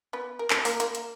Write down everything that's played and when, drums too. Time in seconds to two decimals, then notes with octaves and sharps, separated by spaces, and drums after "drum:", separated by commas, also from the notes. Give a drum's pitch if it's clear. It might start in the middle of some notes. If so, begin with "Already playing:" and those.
0.13 B3 B4
0.39 A#4
0.50 A3 A4, drum: clap
0.65 A#3 A#4, drum: open hi-hat
0.80 A#3 A#4, drum: hi-hat
0.95 drum: hi-hat